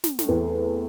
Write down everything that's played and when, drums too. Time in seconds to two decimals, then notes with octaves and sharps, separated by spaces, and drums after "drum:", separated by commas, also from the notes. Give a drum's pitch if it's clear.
0.04 drum: snare
0.19 A2, drum: snare
0.28 E2 C3